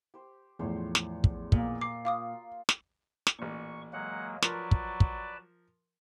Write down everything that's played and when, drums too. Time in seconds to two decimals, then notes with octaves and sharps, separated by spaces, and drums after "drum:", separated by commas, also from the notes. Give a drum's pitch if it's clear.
0.14 G4 C5
0.59 E2 A2 F3 C5 C#5
0.95 drum: snare
1.24 drum: kick
1.52 A#2 A#3 D5 D#5, drum: kick
1.81 D6 C7
2.05 F4 F5 D6 D#6
2.69 drum: snare
3.27 drum: snare
3.39 A1 A#2 C#6
3.93 F#3 G#3 A#3 F#5
4.42 F3 F#3 A#4 B4 D5 A5 C6, drum: snare
4.71 drum: kick
5.00 drum: kick